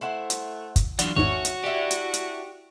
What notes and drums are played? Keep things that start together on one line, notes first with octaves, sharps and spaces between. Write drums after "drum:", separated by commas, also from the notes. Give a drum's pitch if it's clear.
A3 E4 C5 F#5
drum: hi-hat
drum: kick, hi-hat
E3 F#3 D4 F4 D5 F#5, drum: hi-hat
G#1 E2 G#2 A3 C#4 F#4 C#5
drum: hi-hat
D4 E4 G4
drum: hi-hat
drum: hi-hat